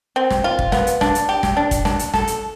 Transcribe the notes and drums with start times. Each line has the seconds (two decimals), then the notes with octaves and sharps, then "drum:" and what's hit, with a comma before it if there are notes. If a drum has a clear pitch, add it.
0.16 C4
0.30 drum: snare
0.44 F4
0.59 drum: kick
0.72 B3, drum: snare
0.87 drum: hi-hat
1.01 D4, drum: snare
1.15 drum: hi-hat
1.29 G4
1.43 drum: snare
1.57 D4
1.71 drum: kick, hi-hat
1.85 D4, drum: snare
1.99 drum: hi-hat
2.14 A4, drum: snare
2.27 drum: hi-hat